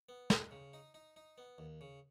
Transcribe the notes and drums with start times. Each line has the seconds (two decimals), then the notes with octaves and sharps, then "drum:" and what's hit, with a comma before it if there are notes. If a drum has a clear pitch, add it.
0.09 B3
0.30 D#4, drum: snare
0.51 C#3
0.73 D#4
0.94 D#4
1.16 D#4
1.38 B3
1.58 D#2
1.81 C#3